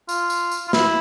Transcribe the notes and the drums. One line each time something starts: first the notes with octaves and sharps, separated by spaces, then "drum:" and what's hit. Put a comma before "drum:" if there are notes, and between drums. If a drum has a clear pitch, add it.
F4, drum: tambourine
drum: tambourine
drum: tambourine
F4
E4, drum: snare